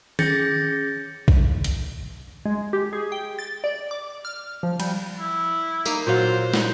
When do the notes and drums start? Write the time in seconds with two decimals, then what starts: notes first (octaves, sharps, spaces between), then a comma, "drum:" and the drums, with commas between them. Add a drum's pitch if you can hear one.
0.19 C#4 G#4 G6 A6 A#6 C#7, drum: tom D#3
1.28 drum: kick
1.64 drum: hi-hat
2.46 G#3
2.73 G4
2.93 G#4
3.12 G5
3.39 A6
3.64 D5
3.91 D6
4.25 F6
4.63 F3
4.80 G3, drum: cymbal
5.20 E4
5.86 A#3 D#4, drum: tambourine
6.07 A#2 F#3 F4 C5
6.54 drum: snare